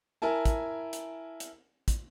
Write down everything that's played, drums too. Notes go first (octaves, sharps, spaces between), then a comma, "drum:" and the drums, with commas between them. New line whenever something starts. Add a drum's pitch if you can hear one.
E4 A#4 G#5 A5
drum: kick, hi-hat
drum: hi-hat
drum: hi-hat
drum: kick, hi-hat